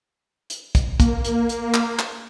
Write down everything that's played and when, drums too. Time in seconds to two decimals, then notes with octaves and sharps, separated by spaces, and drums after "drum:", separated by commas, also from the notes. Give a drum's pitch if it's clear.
0.50 drum: hi-hat
0.75 drum: kick, hi-hat
1.00 A#3, drum: kick, hi-hat
1.25 drum: hi-hat
1.49 drum: hi-hat
1.74 drum: clap
1.99 drum: clap